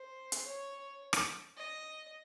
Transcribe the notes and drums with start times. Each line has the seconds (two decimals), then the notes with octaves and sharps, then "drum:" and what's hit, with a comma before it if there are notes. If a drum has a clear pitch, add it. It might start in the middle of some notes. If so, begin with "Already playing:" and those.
Already playing: C5
0.32 drum: hi-hat
0.46 C#5
1.13 drum: rim click
1.57 D#5